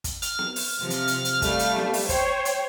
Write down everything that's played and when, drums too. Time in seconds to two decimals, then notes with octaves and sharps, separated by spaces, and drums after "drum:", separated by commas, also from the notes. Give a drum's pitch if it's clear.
0.04 drum: kick, hi-hat
0.22 F6, drum: hi-hat
0.39 drum: snare B3
0.56 drum: open hi-hat
0.80 C3 F3
0.90 drum: hi-hat
1.07 drum: hi-hat
1.25 drum: hi-hat
1.42 G3 A3 F5, drum: kick, hi-hat
1.59 drum: hi-hat
1.76 drum: snare B3
1.94 drum: open hi-hat
2.09 C5 C#5 G5, drum: kick, hi-hat
2.45 drum: hi-hat